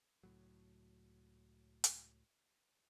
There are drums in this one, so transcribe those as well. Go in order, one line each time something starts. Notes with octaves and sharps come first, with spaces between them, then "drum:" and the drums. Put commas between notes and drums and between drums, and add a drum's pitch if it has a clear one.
C#2 A2 F#3
drum: hi-hat